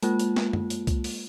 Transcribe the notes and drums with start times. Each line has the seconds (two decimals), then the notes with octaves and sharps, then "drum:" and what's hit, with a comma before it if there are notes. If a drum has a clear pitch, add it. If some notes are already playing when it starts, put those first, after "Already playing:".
0.03 G#3 A#3 F4, drum: hi-hat
0.19 drum: hi-hat
0.36 drum: snare
0.53 drum: tom
0.70 drum: hi-hat
0.87 drum: kick C2, hi-hat
1.04 drum: open hi-hat